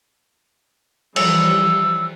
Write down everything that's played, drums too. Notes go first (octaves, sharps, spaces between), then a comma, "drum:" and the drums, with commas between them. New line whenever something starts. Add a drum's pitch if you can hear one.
E3 F3 G3 E6, drum: cymbal